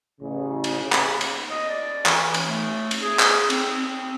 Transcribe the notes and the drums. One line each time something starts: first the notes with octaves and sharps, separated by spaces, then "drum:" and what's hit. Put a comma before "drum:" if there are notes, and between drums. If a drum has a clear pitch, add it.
A1 C#3
drum: cymbal
C#3
drum: clap
drum: cymbal
D#5
D5
E3, drum: clap
drum: cymbal
A3
drum: cymbal
G#4
drum: clap
C4, drum: cymbal
C4